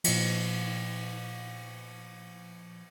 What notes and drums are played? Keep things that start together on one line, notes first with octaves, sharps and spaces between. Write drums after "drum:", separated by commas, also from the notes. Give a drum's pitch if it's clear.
A#2 F3, drum: cymbal